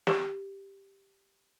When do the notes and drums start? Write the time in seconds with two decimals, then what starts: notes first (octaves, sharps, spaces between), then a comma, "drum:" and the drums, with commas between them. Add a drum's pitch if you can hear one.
0.07 G4, drum: snare